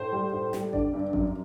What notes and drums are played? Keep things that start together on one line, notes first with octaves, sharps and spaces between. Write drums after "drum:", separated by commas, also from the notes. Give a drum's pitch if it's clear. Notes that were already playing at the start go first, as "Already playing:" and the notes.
Already playing: A2 C5
G3
A2
G3, drum: snare
D3 D5, drum: kick G#1
G2
F#2, drum: kick G#1